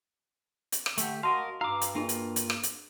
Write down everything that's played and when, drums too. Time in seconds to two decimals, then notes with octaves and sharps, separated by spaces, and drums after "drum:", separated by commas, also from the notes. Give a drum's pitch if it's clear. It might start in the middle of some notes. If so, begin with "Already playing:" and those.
0.72 drum: hi-hat
0.86 drum: rim click
0.98 D3 A3 G4, drum: hi-hat
1.23 F#4 A#4 D#5 F5 A5 C6
1.61 G2 F#4 F5 A#5 D6 E6
1.81 drum: hi-hat
1.95 A#3 D4 F4 G#4 D#5
2.09 drum: hi-hat
2.36 drum: hi-hat
2.50 drum: rim click
2.63 drum: hi-hat